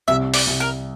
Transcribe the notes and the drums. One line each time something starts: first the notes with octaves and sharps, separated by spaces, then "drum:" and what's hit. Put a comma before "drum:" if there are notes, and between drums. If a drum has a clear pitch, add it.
C2 E5
D5, drum: open hi-hat
C2
A#4